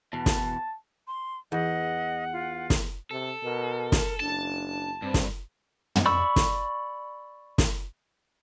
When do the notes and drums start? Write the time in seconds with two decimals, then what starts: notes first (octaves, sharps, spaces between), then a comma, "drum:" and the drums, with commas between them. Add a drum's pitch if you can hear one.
0.13 E2 B2 A5
0.26 drum: snare
1.07 C6
1.52 E2 D#5 F#5
2.32 F4
2.70 drum: snare
3.11 C3 A4
3.43 B2 A#4
3.92 drum: snare
4.20 F#1 D4 A5
5.02 G2 C4
5.14 drum: snare
5.96 drum: tom
6.06 D5 B5 C#6 E6
6.36 drum: snare
7.58 drum: snare